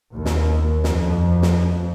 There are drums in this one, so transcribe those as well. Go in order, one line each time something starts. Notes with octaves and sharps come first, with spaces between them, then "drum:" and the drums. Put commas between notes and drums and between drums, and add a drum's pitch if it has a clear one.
D#2
drum: snare
F2, drum: snare
drum: snare